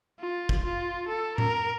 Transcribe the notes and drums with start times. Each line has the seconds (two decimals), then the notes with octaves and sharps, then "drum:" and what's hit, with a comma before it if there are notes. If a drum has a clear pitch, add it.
0.20 F4
0.49 drum: kick
0.65 F4
1.09 A4
1.38 A#4, drum: tom A2